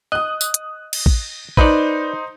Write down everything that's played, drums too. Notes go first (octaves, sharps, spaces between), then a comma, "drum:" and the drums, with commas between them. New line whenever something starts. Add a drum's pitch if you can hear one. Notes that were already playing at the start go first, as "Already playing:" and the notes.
D#5 D#6 F#6
drum: tambourine
drum: hi-hat
drum: cymbal
drum: kick A1
D#4 B4 C5 D5, drum: kick A1